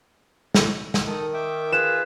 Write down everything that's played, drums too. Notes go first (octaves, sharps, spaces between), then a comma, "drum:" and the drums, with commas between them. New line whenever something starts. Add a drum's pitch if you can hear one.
drum: snare
drum: snare
D#3 A4 D#6
E5 G5 D6
F4 G#4 B4 E7